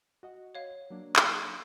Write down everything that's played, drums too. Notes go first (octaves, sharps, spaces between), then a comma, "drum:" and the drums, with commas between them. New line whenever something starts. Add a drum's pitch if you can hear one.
F#4 D#5 F#5
C#5 F5
F#3 A#3 D4
drum: clap